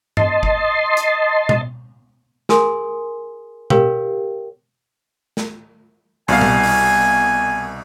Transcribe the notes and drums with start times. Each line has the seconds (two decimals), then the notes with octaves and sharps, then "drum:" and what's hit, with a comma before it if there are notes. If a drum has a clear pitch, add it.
0.17 D#5 A5 C6, drum: tom G2
0.43 drum: kick G1
0.97 drum: hi-hat
1.49 drum: tom B2
2.49 G#4 A#4 G#5 C6 D#6, drum: snare
3.70 G4 A#4 B4 C#5 F5 G5, drum: tom B2
5.37 drum: snare
6.28 C2 B2 F5 G#5, drum: open hi-hat
6.41 drum: tom B2
6.63 drum: open hi-hat